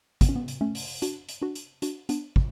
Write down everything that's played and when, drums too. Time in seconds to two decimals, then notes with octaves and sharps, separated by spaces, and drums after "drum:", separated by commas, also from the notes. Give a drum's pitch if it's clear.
0.21 B3, drum: kick, hi-hat
0.29 C#4
0.36 B3
0.48 drum: hi-hat
0.61 A3 C#4
0.75 drum: open hi-hat
1.02 D4 F#4, drum: hi-hat
1.29 drum: hi-hat
1.42 D4 F#4
1.55 drum: hi-hat
1.82 D4 F#4, drum: hi-hat
2.09 B3 D4, drum: hi-hat
2.36 drum: kick